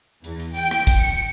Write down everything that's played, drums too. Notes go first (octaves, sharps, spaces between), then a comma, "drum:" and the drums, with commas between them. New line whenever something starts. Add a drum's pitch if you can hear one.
E2, drum: hi-hat
drum: hi-hat
G5, drum: open hi-hat
drum: rim click
drum: kick, hi-hat
C#7